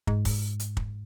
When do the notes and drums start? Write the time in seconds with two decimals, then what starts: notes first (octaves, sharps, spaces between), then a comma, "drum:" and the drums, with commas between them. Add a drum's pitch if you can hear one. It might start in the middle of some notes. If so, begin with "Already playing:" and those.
0.07 G#2, drum: kick
0.25 drum: kick, open hi-hat
0.60 drum: hi-hat
0.77 drum: kick